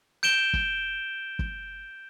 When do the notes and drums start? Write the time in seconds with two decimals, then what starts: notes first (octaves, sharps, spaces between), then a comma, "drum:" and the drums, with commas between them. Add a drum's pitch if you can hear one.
0.23 G6 D7 E7 G7
0.53 drum: kick
1.39 drum: kick